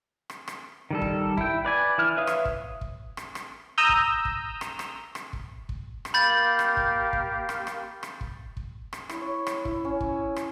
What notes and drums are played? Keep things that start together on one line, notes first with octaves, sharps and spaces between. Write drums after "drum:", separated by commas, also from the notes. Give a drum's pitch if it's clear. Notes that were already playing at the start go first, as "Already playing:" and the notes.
drum: rim click
drum: rim click
D#3 G3 A4
drum: kick
E4 G5, drum: kick
B4 D5 G#5
E3 E4 F6 F#6
B4 C#5 E5 F5 D#6
drum: rim click
drum: kick
drum: kick
drum: rim click
drum: rim click
A#5 D#6 E6 G6
drum: kick
drum: kick
drum: rim click
drum: rim click
drum: rim click
drum: kick
drum: kick
drum: rim click
A#3 G4 F5 B5 G6 A6
drum: rim click
drum: kick
drum: kick
drum: rim click
drum: rim click
drum: rim click
drum: kick
drum: kick
drum: rim click
E4, drum: rim click
C#5
drum: rim click
E4, drum: kick
C#4
drum: kick
drum: rim click